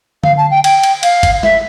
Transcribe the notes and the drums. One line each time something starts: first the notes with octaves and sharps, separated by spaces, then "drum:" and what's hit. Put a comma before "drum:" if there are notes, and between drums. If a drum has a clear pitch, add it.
F5, drum: tom D3
A5
G5
G5, drum: cymbal
drum: cymbal
F5, drum: cymbal
drum: kick, cymbal
E5, drum: snare